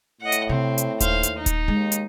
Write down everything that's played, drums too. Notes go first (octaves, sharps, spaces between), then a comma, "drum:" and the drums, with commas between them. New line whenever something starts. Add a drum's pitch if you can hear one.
A2 D#5 F#5
drum: hi-hat
C3 C4
drum: hi-hat
D#2 C5 F5, drum: kick D#1, hi-hat
drum: hi-hat
D#4
drum: kick D#1, hi-hat
D#2 G#3
drum: hi-hat